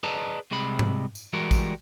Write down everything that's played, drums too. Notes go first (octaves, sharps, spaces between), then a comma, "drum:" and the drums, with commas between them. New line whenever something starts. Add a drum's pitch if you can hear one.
G#4 B4 D5 D#5 A5 A#5
C2 C3 G#3 B5
drum: tom G#2
drum: tambourine
E3 G3 G#3 F#4 A#4
drum: kick A1, tambourine